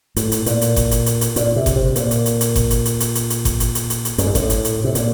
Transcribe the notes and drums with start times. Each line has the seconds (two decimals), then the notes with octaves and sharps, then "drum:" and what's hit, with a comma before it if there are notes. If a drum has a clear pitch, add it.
0.16 A2, drum: hi-hat
0.32 drum: hi-hat
0.46 A#2, drum: hi-hat
0.61 drum: hi-hat
0.76 drum: kick G1, hi-hat
0.91 drum: hi-hat
1.06 drum: hi-hat
1.21 drum: hi-hat
1.36 A#2, drum: hi-hat
1.56 C3
1.66 drum: kick G1, hi-hat
1.76 C3
1.96 A#2, drum: hi-hat
2.11 drum: hi-hat
2.26 drum: hi-hat
2.41 drum: hi-hat
2.56 drum: kick G1, hi-hat
2.70 drum: hi-hat
2.85 drum: hi-hat
3.00 drum: hi-hat
3.15 drum: hi-hat
3.30 drum: hi-hat
3.45 drum: kick G1, hi-hat
3.60 drum: hi-hat
3.75 drum: hi-hat
3.90 drum: hi-hat
4.05 drum: hi-hat
4.18 F#2, drum: hi-hat
4.27 G2
4.35 A2, drum: kick G1, hi-hat
4.50 drum: hi-hat
4.65 drum: hi-hat
4.84 C3
4.95 A#2, drum: hi-hat